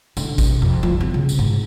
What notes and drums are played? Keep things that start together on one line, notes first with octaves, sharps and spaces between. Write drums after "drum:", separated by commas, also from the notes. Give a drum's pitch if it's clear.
D3, drum: tambourine
C3, drum: kick G#1, tambourine
F2
F3
C4
C#3
drum: tambourine
G#2